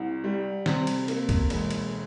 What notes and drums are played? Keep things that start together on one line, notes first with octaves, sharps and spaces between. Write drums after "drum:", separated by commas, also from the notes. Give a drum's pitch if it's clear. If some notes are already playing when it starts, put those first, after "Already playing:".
Already playing: C2
G3
C3, drum: snare
drum: cymbal
A#3, drum: cymbal
drum: kick, cymbal
E1, drum: cymbal
drum: cymbal